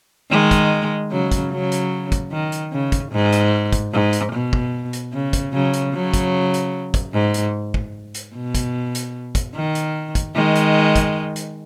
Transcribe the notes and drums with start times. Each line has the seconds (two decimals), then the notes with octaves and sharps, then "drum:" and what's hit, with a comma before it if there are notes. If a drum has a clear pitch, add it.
0.31 D#3 G#3
0.51 drum: kick, hi-hat
1.11 C#3 F#3
1.32 drum: kick, hi-hat
1.52 C#3 F#3
1.72 drum: hi-hat
2.12 drum: kick, hi-hat
2.32 D#3
2.52 drum: hi-hat
2.72 C#3
2.92 drum: kick, hi-hat
3.12 G#2
3.32 drum: hi-hat
3.73 drum: kick, hi-hat
3.93 G#2
4.13 drum: hi-hat
4.32 B2
4.53 drum: kick
4.93 drum: hi-hat
5.13 C#3
5.33 drum: kick, hi-hat
5.53 C#3 F#3
5.73 drum: hi-hat
5.93 C#3 F#3
6.14 drum: kick, hi-hat
6.54 drum: hi-hat
6.94 drum: kick, hi-hat
7.13 G#2
7.34 drum: hi-hat
7.74 drum: kick
8.14 drum: hi-hat
8.35 B2
8.55 drum: kick, hi-hat
8.95 drum: hi-hat
9.35 drum: kick, hi-hat
9.55 D#3
9.75 drum: hi-hat
10.15 drum: kick, hi-hat
10.35 D#3 G#3
10.55 drum: hi-hat
10.96 drum: kick, hi-hat
11.36 drum: hi-hat